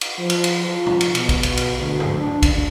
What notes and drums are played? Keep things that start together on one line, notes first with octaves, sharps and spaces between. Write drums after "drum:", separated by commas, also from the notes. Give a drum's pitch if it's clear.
drum: cymbal
F3
drum: cymbal
drum: cymbal
F3
drum: tom B2
drum: cymbal
B2, drum: cymbal
drum: kick, cymbal
drum: cymbal
drum: cymbal
D2
drum: tom G2
D4
drum: kick, cymbal